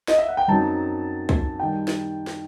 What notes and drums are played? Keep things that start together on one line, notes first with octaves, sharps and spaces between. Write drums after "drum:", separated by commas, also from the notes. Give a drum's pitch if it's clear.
D#5, drum: snare
E5
F#5
G5
F#2 F#3 C4 D#4 A5
drum: kick C2
D#3 G3 G5
drum: snare
drum: snare